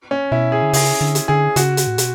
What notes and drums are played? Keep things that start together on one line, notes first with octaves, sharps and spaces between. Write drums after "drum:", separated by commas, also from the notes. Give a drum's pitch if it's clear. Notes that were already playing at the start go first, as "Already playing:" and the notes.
C#4
B2 E4
G#4
D3
C#3 G#4, drum: open hi-hat
D3
drum: hi-hat
D3 G#4
C#3 F#4, drum: hi-hat
drum: hi-hat
A2
B2, drum: hi-hat